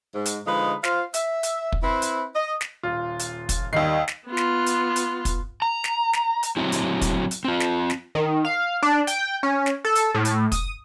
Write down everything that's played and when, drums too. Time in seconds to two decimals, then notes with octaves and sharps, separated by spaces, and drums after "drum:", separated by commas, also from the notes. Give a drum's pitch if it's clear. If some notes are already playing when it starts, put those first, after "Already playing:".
0.15 G#2
0.25 drum: hi-hat
0.46 D3 F3 G#3 D#4 F4 B4
0.84 F4 C5 F5, drum: snare
1.14 E5, drum: hi-hat
1.43 drum: hi-hat
1.72 drum: kick
1.82 C4 E4 B4
2.02 drum: hi-hat
2.35 D#5
2.61 drum: snare
2.83 D#1 F4
3.19 drum: hi-hat
3.49 drum: kick, hi-hat
3.73 D#2 D#3 G3 D#5 C7
4.08 drum: snare
4.27 B3 F4
4.37 drum: snare
4.66 drum: hi-hat
4.96 drum: hi-hat
5.25 drum: kick, hi-hat
5.62 A#5
5.84 drum: snare
6.13 drum: snare
6.43 drum: hi-hat
6.57 F#3 C4 E4
6.72 drum: hi-hat
7.01 drum: kick, hi-hat
7.31 drum: hi-hat
7.45 C4 F4
7.60 drum: snare
7.90 drum: snare
8.15 D#3
8.45 F5
8.83 D4
9.07 G5, drum: hi-hat
9.43 C#4
9.66 drum: snare
9.85 A4
9.95 drum: hi-hat
10.14 A2
10.25 drum: hi-hat
10.52 D#6, drum: kick, hi-hat